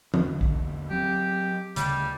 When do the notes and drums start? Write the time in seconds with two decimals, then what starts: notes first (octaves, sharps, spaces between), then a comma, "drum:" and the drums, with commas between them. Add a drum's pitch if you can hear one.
0.14 E2 D3, drum: tom E3
0.41 drum: kick
0.90 F#3 C4 G4
1.76 D2 C#3 G3, drum: hi-hat